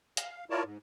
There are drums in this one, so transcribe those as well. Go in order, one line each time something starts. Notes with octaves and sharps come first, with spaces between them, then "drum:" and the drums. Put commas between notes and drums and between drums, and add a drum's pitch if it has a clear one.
F5, drum: hi-hat
E4 F4 A#4 C#5 D5 A5
G#2